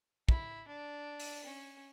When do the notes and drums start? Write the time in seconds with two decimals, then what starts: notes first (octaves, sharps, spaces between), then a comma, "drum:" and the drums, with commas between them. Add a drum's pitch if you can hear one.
0.29 E4, drum: kick
0.67 D4
1.20 drum: open hi-hat
1.44 C#4